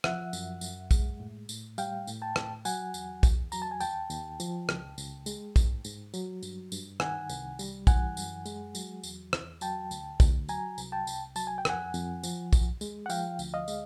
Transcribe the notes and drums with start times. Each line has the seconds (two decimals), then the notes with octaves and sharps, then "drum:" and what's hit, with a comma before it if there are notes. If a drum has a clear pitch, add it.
0.04 F3 E5 F#5, drum: rim click
0.33 F#2, drum: tambourine
0.61 F#2, drum: tambourine
0.91 G#3, drum: kick, tambourine
1.20 A2
1.49 A2, drum: tambourine
1.78 G3 F5 G5, drum: tambourine
2.07 A2, drum: tambourine
2.22 G5 A5
2.36 A2, drum: rim click
2.65 F#3 F#5 G#5, drum: tambourine
2.94 E2, drum: tambourine
3.23 E2, drum: kick, tambourine
3.52 F#3 A#5, drum: tambourine
3.62 A5
3.71 G#5
3.80 D#2 G5 A5, drum: tambourine
4.10 D#2, drum: tambourine
4.40 F3, drum: tambourine
4.69 C#2, drum: rim click
4.98 C#2, drum: tambourine
5.26 G#3, drum: tambourine
5.56 G#2, drum: kick, tambourine
5.84 G#2, drum: tambourine
6.14 F#3, drum: tambourine
6.43 G2, drum: tambourine
6.72 G2, drum: tambourine
7.00 D#3 F#5 G#5, drum: rim click
7.29 C2, drum: tambourine
7.59 G3, drum: tambourine
7.87 E3 F#5 G#5, drum: kick, tambourine
8.17 F#2, drum: tambourine
8.46 G#3, drum: tambourine
8.75 F#3, drum: tambourine
9.03 E2, drum: tambourine
9.33 E2, drum: rim click
9.61 F#3 G5 A5, drum: tambourine
9.91 D2, drum: tambourine
10.20 D2, drum: kick, tambourine
10.49 F#3 G#5 A#5, drum: tambourine
10.78 C2, drum: tambourine
10.92 G5 A5
11.07 C2, drum: tambourine
11.36 F#3 A5, drum: tambourine
11.47 G#5
11.58 G5
11.65 F2 F#5 G#5, drum: rim click
11.94 F2, drum: tambourine
12.23 F3, drum: tambourine
12.53 D#2, drum: kick, tambourine
12.81 G#3, drum: tambourine
13.06 F#5
13.10 F3 F5 G5, drum: tambourine
13.39 D2, drum: tambourine
13.54 D#5 F5
13.68 G#3, drum: tambourine